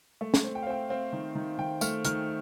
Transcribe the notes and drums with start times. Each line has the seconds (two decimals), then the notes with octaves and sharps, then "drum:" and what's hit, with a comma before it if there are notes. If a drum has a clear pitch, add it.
0.21 A3
0.34 drum: snare
0.44 C4
0.55 G5
0.63 F5
0.67 C4 G5
0.89 C4 F5
1.13 D#3
1.35 D#3
1.58 D#3 G5
1.81 A3 F6, drum: tambourine
2.05 D#3 F6, drum: hi-hat